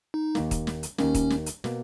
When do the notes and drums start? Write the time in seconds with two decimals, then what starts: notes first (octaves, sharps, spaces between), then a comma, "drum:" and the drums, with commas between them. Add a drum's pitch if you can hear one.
0.14 D#4
0.35 D#2 D#3 A#3, drum: snare
0.51 drum: kick, hi-hat
0.67 drum: snare
0.83 drum: hi-hat
0.98 D#2 D#3 A#3 C#4, drum: snare
1.15 drum: kick, hi-hat
1.30 drum: snare
1.46 drum: hi-hat
1.64 B2 A#3, drum: snare